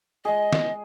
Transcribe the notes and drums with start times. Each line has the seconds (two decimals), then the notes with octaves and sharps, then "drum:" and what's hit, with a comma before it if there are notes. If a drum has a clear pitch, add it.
0.25 G#3 G#4 D#5
0.53 drum: snare